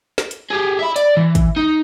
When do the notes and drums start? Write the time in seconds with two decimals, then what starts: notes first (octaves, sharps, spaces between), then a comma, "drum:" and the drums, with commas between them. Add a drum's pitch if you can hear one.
0.18 drum: snare
0.31 drum: hi-hat
0.50 G4 G#4
0.79 E5 B5
0.96 D5, drum: hi-hat
1.17 E3
1.35 drum: kick, hi-hat
1.56 D#4